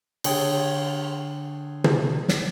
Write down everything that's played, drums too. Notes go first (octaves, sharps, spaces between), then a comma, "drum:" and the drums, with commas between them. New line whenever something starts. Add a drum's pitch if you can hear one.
D3 G#4 C#5 G5, drum: cymbal
drum: tom
drum: snare